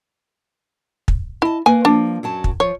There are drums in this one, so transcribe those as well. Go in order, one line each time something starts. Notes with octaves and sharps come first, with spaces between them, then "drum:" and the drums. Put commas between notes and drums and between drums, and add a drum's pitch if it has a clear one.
drum: kick
E4 D#5 A5
A#3 B4 G#5
F3 A#3 D4
F#2 F#3 A5
drum: kick
F3 C#5